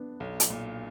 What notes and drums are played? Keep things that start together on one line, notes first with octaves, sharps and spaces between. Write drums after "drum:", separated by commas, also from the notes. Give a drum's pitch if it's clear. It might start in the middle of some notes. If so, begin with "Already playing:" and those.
Already playing: B3 D4
B1
drum: hi-hat
A#2